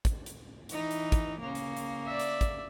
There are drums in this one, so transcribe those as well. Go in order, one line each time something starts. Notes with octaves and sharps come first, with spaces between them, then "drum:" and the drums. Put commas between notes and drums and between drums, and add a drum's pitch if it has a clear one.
drum: kick, hi-hat
drum: hi-hat
E3 D#4, drum: hi-hat
drum: hi-hat
drum: kick, hi-hat
C#3 A#3
drum: hi-hat
drum: hi-hat
D5 E5
drum: hi-hat
drum: kick, hi-hat